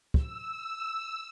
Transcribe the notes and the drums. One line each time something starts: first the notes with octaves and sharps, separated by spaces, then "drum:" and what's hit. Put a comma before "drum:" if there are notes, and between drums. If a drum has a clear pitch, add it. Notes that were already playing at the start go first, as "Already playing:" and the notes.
E6, drum: kick